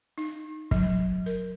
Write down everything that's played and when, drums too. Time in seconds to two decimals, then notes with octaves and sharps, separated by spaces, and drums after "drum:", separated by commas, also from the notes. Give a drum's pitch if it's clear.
0.18 D#4
0.71 F#3, drum: kick
1.26 A#4